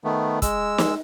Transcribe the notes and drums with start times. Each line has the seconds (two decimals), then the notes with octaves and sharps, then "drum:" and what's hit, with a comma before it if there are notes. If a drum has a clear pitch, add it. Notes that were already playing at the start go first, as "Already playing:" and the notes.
0.04 D#3 A3 B3
0.42 G#3 E6, drum: kick, hi-hat
0.78 drum: snare